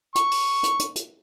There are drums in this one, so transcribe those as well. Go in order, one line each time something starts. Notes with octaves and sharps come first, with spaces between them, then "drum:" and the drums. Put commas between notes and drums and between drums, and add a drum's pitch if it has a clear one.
C#6, drum: hi-hat
drum: open hi-hat
drum: hi-hat
drum: hi-hat
drum: hi-hat